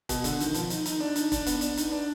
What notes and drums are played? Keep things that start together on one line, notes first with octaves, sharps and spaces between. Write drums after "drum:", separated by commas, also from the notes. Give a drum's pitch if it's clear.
B2, drum: kick E1, hi-hat
D3, drum: hi-hat
D#3, drum: hi-hat
F3, drum: hi-hat
D#4, drum: hi-hat
D#4, drum: hi-hat
D4
D#4, drum: hi-hat
D4, drum: kick E1, hi-hat
B3, drum: hi-hat
D4, drum: hi-hat
D#4, drum: hi-hat
D4